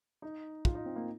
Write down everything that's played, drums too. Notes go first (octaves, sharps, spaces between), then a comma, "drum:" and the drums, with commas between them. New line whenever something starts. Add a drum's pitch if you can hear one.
D#4
F4, drum: kick
D#4
C4
A#3